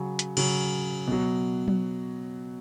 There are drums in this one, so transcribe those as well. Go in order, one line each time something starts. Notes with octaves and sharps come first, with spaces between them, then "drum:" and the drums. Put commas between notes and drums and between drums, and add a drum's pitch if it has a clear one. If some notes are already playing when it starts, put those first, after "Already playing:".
Already playing: C#3 F#3
drum: hi-hat
C#3 F#3, drum: cymbal
B2 F#3
drum: tom F#3